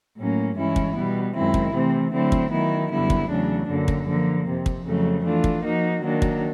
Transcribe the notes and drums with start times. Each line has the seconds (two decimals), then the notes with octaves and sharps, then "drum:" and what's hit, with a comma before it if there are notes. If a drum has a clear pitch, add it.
0.17 A2 F#3 A#3 C#4
0.56 G2 E3 G#3 C#4 E4
0.76 drum: kick
0.95 B2 G3 B3
1.34 F#2 D#3 G#3 C4 E4
1.54 drum: kick
1.73 C3 E3 A3 C4
2.12 D3 F#3 A3 C4 E4
2.32 drum: kick
2.51 D#3 F#3 B3 E4
2.90 F#2 D3 G3 B3 E4
3.10 drum: kick
3.29 E2 C#3 F#3 A3 D4
3.68 F#2 D3 F#3 A#3
3.88 drum: kick
4.07 D3 F3 A#3
4.47 F2 C3 F3
4.66 drum: kick
4.85 F2 C#3 F#3 A3
5.24 E3 A3 D4 F4
5.44 drum: kick
5.63 F3 A#3 D#4 F#4
6.02 D#3 F#3 A#3 D4
6.22 drum: kick